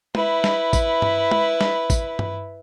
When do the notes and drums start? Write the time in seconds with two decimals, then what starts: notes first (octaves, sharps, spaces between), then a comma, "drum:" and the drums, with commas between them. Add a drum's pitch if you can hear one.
0.15 E4 B4, drum: tom
0.44 drum: snare
0.73 drum: kick A1, tambourine
1.02 drum: tom G2
1.31 drum: tom
1.61 drum: snare
1.90 drum: kick A1, tambourine
2.19 drum: tom G2